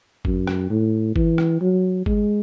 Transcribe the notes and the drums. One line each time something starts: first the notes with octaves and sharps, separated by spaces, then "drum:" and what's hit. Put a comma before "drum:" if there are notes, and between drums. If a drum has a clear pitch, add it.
F#2, drum: kick G#1
drum: rim click
A2
E3, drum: kick G#1
drum: rim click
F#3
G#3, drum: kick G#1